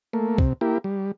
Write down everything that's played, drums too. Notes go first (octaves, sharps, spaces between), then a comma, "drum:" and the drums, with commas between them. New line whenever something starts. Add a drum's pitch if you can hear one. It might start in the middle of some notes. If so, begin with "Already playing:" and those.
A3 A#3
C3, drum: kick
A#3 E4 G4
G3